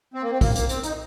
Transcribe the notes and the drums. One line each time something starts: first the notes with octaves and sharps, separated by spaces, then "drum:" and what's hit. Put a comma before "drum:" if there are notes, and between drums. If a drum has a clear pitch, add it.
C4
A#3
C4
A#3, drum: kick, open hi-hat
A#3, drum: hi-hat
C4, drum: hi-hat
D#4, drum: hi-hat